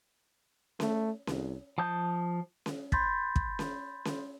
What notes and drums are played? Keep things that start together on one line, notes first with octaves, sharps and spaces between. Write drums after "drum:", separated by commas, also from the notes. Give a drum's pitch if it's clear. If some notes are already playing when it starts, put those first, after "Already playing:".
A3, drum: snare C#4
C2, drum: snare C#4
F3 A5 D#6 G6
drum: snare C#4
B5 C6 G6 A6 B6, drum: kick
drum: kick
drum: snare C#4
drum: snare C#4